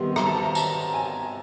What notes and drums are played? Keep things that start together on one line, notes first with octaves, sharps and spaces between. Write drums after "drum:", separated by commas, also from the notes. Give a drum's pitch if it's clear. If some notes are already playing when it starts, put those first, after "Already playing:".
Already playing: C3 D#3 G3 B3 C6
A#5, drum: rim click
A5
A5
A#5
A5, drum: tambourine
G#5